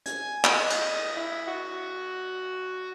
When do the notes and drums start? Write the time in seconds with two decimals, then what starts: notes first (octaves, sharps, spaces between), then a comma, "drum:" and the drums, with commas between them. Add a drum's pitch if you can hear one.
0.06 G#5, drum: hi-hat
0.44 D#5, drum: clap
0.70 drum: cymbal
1.17 E4
1.47 F#4